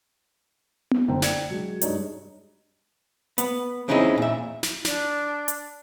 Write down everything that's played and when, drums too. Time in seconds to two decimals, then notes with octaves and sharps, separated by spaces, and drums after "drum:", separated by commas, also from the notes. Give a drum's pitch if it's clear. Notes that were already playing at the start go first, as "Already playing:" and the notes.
0.91 drum: tom B3
1.08 F#1 D3 C5 G5 A#5
1.22 D4 D5 G5 G#6 C#7 E7, drum: snare
1.51 F#3 G#3
1.81 G2 G#3 D4 D#4 C#5 D5, drum: hi-hat
3.38 B3, drum: hi-hat
3.88 E2 C4 C#4 D#4 E4 G#4
4.18 A#2 E5
4.63 drum: snare
4.85 D4, drum: snare
5.48 drum: hi-hat